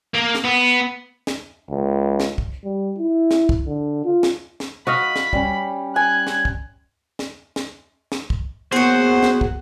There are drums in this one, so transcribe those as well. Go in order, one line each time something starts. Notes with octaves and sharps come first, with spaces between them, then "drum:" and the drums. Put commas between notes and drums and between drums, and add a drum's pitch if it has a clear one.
A#3
drum: snare
B3
drum: snare
C#2
drum: snare
drum: kick
G3
E4
drum: snare
drum: kick
D3
F4
drum: snare
drum: snare
F#4 D#5 F5 B5
drum: snare
G3 C#4, drum: kick
G#5 F#6
drum: snare
drum: kick
drum: snare
drum: snare
drum: snare
drum: kick
F#3 A#3 B3 G#4 C5 F#5
drum: snare
drum: kick